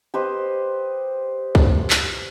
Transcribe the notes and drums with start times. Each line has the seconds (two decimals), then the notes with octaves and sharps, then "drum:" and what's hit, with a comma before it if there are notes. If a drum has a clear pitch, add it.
0.14 G4 B4 C5 D#5
1.55 drum: kick
1.90 drum: clap